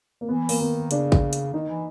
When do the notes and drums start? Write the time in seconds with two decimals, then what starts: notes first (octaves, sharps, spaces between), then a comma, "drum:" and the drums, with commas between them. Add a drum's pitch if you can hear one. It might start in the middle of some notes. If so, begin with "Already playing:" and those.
0.21 A#3
0.29 E3 B3
0.49 A#3, drum: open hi-hat
0.60 D#3 B3
0.91 C#3 D4, drum: hi-hat
1.12 drum: kick A1
1.33 drum: hi-hat
1.53 D#3 D#4
1.68 E3